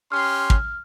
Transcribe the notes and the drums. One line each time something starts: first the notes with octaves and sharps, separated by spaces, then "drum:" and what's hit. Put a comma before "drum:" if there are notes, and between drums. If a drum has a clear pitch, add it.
C#4 G4 C6 F6
drum: kick